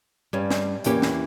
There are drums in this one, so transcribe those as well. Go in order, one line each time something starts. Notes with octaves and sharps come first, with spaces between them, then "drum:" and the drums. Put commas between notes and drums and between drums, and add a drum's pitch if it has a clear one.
G2 G3 C#4
drum: snare
E2 E3 A#3 C#4 G4, drum: hi-hat
drum: snare